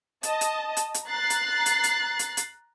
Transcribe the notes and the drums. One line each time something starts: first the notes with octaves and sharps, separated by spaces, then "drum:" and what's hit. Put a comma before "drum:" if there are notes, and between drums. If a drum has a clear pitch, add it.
D#5 A5, drum: hi-hat
drum: hi-hat
drum: hi-hat
drum: hi-hat
A#5 F#6 A6 C7
drum: hi-hat
drum: hi-hat
drum: hi-hat
drum: hi-hat
drum: hi-hat